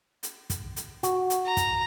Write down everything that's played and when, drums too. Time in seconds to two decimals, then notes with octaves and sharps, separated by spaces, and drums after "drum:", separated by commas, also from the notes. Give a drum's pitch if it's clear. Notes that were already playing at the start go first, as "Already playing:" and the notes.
0.23 drum: hi-hat
0.50 drum: kick, hi-hat
0.76 drum: hi-hat
1.03 F#4, drum: hi-hat
1.30 drum: hi-hat
1.46 A#5
1.57 drum: kick, hi-hat